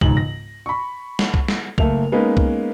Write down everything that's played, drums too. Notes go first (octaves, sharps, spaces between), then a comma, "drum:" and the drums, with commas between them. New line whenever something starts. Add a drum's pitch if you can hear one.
E1 C#2 G#2 F#7, drum: kick C2
A#6
B5 C#6
drum: snare
drum: kick C2
drum: snare
F#1 A3 A#3 F7, drum: kick C2
G#3 A#3 B3 C#4 D#4 B4
drum: kick C2